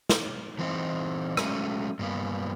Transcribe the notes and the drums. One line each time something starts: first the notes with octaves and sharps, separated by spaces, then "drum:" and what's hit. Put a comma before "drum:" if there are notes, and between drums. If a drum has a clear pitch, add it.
drum: snare
E3 C4 D#4
F#3 G#3 A3 C4 C#4, drum: rim click
G2 A#3 B3